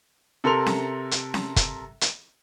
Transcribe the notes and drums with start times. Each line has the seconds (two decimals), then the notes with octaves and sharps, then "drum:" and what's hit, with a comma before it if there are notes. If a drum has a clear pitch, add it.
0.44 C3 A4 A#4 C6 F7
0.66 drum: snare C#4
1.11 drum: hi-hat
1.34 drum: snare C#4
1.56 drum: kick, hi-hat
2.01 drum: hi-hat